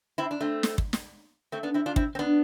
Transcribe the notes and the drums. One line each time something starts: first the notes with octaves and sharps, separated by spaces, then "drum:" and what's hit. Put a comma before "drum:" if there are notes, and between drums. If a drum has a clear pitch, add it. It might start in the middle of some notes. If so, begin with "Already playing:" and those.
C4 E4
D4
A3 C4
drum: snare
drum: kick
drum: snare
A3 C4
B3 D4
C4 E4
D4 F4
C4 E4, drum: kick
C4
B3 D4